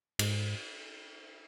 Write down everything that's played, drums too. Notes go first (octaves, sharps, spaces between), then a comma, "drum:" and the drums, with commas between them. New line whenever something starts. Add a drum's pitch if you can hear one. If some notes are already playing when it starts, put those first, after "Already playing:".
G#2, drum: cymbal